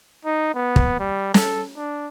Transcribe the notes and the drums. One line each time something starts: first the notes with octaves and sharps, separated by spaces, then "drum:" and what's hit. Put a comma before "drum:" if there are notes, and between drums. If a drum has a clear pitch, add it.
D#4
B3
drum: kick
G3
A4, drum: snare
D4